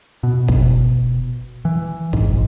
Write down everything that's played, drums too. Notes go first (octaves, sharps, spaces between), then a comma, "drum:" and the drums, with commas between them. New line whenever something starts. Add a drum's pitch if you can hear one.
B2
drum: kick
E3
G#2, drum: kick
A#1